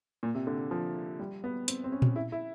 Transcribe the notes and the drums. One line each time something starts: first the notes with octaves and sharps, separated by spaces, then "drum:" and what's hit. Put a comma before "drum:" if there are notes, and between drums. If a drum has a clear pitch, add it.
A#2
C3
D3
F3
G3
B3
C4, drum: hi-hat
C4
C#4
drum: tom A#2
E4
E4